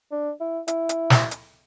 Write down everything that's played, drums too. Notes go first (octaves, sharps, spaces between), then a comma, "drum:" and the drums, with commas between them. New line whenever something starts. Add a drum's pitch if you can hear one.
D4
E4
E4, drum: hi-hat
drum: hi-hat
drum: snare
drum: hi-hat